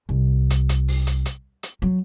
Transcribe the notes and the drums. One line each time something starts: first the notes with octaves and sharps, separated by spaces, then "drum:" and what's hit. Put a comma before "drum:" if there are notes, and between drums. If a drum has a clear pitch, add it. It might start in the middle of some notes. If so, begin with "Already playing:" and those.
C2
drum: hi-hat
drum: hi-hat
drum: open hi-hat
drum: hi-hat
drum: hi-hat
drum: hi-hat
F#3